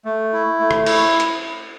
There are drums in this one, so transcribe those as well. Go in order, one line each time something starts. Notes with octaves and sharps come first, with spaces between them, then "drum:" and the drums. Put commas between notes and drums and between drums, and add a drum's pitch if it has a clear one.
A3
E4
A3
drum: rim click
E4, drum: cymbal
drum: hi-hat